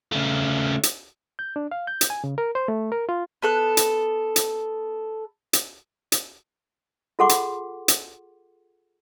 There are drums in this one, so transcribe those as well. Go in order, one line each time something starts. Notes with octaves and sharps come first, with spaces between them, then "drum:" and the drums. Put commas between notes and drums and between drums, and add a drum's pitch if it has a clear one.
C#3 A3
drum: hi-hat
G6
D4
F5
G6
drum: hi-hat
G#5
C#3
A#4
C5
A3
A#4
F4
B3 A4 F#6
drum: hi-hat
drum: hi-hat
drum: hi-hat
drum: hi-hat
F4 G#4 A4 F#5 C6 D6
drum: hi-hat
drum: hi-hat